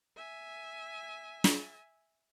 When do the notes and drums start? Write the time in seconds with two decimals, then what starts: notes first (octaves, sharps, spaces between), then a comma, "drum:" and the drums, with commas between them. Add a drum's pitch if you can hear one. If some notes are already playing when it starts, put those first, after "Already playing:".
0.16 E5 G#5
1.44 drum: snare